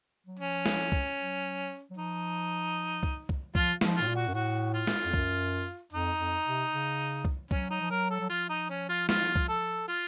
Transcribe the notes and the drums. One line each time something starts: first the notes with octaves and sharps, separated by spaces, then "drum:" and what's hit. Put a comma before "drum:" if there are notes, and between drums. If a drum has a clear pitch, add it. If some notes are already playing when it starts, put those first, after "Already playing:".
F#3
F3 C#4
drum: snare
drum: kick C2
F#3
F#3
F3 D#4
drum: kick C2
drum: kick C2
F3 F4, drum: kick C2
F3, drum: snare
F4
A2
A#2
F#4
F#2
A2 F#4
F4
drum: snare
F2
F#2, drum: kick C2
F2 D#4
F2
C3
C#3
drum: kick C2
F#3 C#4, drum: kick C2
D#4
F3
F#3 A#4
A4
F#3
F3 F4
D#4
C#4
F4
F4, drum: snare
drum: kick C2
A4
F4